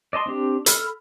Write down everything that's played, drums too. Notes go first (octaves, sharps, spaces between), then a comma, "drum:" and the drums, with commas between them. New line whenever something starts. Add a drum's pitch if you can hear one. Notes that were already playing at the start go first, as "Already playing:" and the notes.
D5 D#5 A5 C6
C4 D4 G4
A4 B5 F6, drum: hi-hat